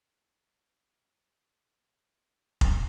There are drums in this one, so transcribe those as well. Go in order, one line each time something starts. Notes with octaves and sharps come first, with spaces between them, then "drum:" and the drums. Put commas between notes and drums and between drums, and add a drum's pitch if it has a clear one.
G2 A#2 A#3 B3 F#4
drum: kick